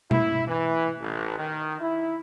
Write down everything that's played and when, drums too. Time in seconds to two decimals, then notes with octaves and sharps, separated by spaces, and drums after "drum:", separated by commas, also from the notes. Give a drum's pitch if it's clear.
0.11 E4, drum: tom B2
0.48 E3
1.00 A1
1.38 D#3
1.80 E4